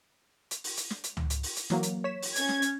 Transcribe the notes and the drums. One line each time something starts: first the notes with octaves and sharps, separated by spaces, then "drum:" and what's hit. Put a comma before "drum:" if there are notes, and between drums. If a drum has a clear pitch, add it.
drum: hi-hat
drum: open hi-hat
drum: hi-hat
drum: snare
drum: hi-hat
drum: tom C#2
drum: hi-hat
drum: open hi-hat
drum: hi-hat
E3 F#3 A#3, drum: snare
drum: hi-hat
C#5 B6 E7
drum: open hi-hat
C#4 G#6, drum: hi-hat
drum: snare
drum: hi-hat